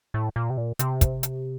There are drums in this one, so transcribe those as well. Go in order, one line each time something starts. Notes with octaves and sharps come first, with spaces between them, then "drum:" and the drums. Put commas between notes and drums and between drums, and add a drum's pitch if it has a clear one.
A2
A#2
C3
A#2
C3, drum: hi-hat
drum: kick, hi-hat
drum: hi-hat